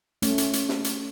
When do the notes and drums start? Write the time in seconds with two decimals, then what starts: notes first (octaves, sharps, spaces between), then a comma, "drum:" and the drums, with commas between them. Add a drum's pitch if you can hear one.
0.22 A3 C#4, drum: hi-hat
0.38 drum: hi-hat
0.53 drum: hi-hat
0.69 drum: snare
0.84 drum: hi-hat